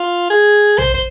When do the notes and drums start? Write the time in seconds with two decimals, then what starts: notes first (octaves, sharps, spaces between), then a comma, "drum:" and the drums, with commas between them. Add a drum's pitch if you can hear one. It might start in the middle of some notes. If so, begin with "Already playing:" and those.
Already playing: F4
0.30 G#4
0.78 C5, drum: tom A#1
0.94 C5, drum: kick